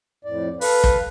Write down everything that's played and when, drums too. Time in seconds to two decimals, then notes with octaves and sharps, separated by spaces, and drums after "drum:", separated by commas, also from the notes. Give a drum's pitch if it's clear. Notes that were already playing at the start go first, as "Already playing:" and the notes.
0.25 F2 A2 D5
0.61 A4 B4 F5, drum: open hi-hat
0.84 drum: kick